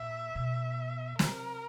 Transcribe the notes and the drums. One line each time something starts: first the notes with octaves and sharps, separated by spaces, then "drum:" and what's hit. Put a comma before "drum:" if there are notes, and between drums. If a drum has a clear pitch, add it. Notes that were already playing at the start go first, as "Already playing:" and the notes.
Already playing: A#2 E5
B2
C3 A#4, drum: snare